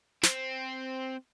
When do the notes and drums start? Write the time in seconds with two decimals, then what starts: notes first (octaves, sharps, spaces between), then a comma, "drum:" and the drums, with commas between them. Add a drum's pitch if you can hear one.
0.23 C4, drum: snare